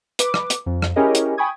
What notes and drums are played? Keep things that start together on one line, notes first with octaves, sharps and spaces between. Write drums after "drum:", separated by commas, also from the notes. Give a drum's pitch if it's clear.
B4 D6, drum: hi-hat
drum: rim click
drum: hi-hat
F2
drum: rim click
C#4 E4 G4 G#4 A#4 D#5
drum: hi-hat
G5 G#5 B5 C#6 D#6 G#6